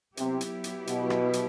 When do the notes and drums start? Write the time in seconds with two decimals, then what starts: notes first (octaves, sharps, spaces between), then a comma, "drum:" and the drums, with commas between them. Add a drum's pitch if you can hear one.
0.17 C3 F#3 B3 E4 G4, drum: hi-hat
0.41 drum: hi-hat
0.64 drum: hi-hat
0.87 B2, drum: hi-hat
1.10 drum: rim click
1.33 drum: hi-hat